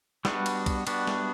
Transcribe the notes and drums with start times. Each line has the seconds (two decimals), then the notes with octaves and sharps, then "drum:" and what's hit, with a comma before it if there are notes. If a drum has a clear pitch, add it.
0.25 G3 B3 D4 F#4 B4, drum: snare
0.46 drum: cymbal
0.66 drum: kick B1, cymbal
0.87 G3 B3 D4 F#4 B4, drum: cymbal
1.07 drum: snare